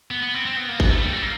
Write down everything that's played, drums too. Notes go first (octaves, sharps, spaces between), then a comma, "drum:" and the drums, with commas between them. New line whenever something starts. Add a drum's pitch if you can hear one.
B3
B3
C4
C4
B3
A#3
B3, drum: kick G#1
A3
G3
A3
A#3